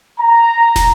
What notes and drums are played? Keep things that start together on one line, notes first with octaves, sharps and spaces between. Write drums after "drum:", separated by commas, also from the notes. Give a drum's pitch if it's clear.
A#5
drum: snare